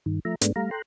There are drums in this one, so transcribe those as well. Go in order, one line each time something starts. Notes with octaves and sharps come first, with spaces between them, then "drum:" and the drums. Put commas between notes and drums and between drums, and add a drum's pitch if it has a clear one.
G2 D#3
F3 A3 E5 A#5
G#2 G#3 A3 B3 D4, drum: hi-hat
G3 A3 F5 A#5
A4 G5 A#5 C6 F#6